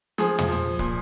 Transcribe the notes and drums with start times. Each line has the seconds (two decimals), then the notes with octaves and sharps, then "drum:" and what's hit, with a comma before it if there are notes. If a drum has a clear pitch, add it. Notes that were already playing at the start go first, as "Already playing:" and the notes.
0.18 F3 G#4, drum: snare
0.39 drum: tom
0.49 F3
0.79 A#2, drum: kick